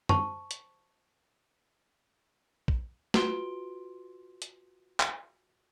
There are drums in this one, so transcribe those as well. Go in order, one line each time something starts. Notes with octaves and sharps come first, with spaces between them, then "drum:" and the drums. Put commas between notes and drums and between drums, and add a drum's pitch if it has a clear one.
C5 A5 C#6, drum: tom F#2
drum: hi-hat
drum: kick
F4 F#4 B4 C6 D7 G7, drum: snare
drum: hi-hat
drum: clap